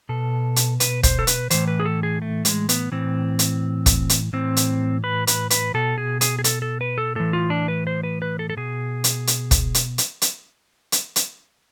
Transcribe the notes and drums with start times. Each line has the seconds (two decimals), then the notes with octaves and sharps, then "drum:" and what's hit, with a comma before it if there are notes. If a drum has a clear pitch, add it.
0.09 B2 A4
0.56 drum: hi-hat
0.80 B4, drum: hi-hat
1.03 C5, drum: kick, hi-hat
1.19 A4
1.27 B4, drum: hi-hat
1.50 A2 E3 C5, drum: hi-hat
1.68 B4
1.80 G#4
1.85 A4
2.03 G#4
2.22 A3
2.45 G#3, drum: hi-hat
2.69 B3, drum: hi-hat
2.92 A2 E3 C4
3.39 drum: hi-hat
3.86 drum: kick, hi-hat
4.09 drum: hi-hat
4.33 A2 E3 C4
4.57 drum: hi-hat
5.04 B4
5.27 B4, drum: hi-hat
5.50 B4, drum: hi-hat
5.74 B2 A4
5.98 G#4
6.21 G#4, drum: hi-hat
6.39 G#4
6.44 A4, drum: hi-hat
6.62 A4
6.81 B4
6.98 A4
7.15 A2 E3 A4
7.33 F4
7.50 D4
7.68 B4
7.87 C5
8.03 B4
8.22 B4
8.39 A4
8.50 A4
8.57 B2 G#4
9.04 drum: hi-hat
9.27 drum: hi-hat
9.51 drum: kick, hi-hat
9.74 drum: hi-hat
9.98 drum: hi-hat
10.22 drum: hi-hat
10.92 drum: hi-hat
11.16 drum: hi-hat